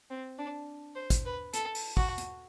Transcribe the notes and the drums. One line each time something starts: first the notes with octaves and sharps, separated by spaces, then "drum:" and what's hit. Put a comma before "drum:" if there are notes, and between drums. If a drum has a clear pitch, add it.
C4
D4
C5
drum: kick, hi-hat
B4
A4, drum: hi-hat
drum: open hi-hat
F#4, drum: kick
drum: hi-hat